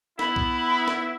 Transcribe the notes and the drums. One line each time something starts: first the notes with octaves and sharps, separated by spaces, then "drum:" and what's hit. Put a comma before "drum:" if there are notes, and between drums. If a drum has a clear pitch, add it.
B3 E4 B5, drum: snare
drum: kick
drum: snare